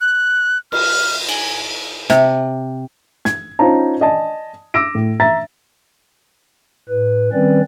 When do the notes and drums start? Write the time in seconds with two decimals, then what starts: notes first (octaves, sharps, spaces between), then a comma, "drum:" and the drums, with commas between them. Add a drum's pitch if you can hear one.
0.01 F#6
0.72 F6, drum: cymbal
1.29 G#5, drum: cymbal
2.10 C3, drum: snare
3.25 G#6, drum: snare
3.59 C#4 D#4 F4 C5 A5 A#5
4.01 D5 D#5 G#5 A5
4.74 D6 E6 A#6 D7
4.95 A2
5.20 E5 A#5 A6
6.89 A2 B4
7.33 D#3 G3 C4 C#4 B4 D5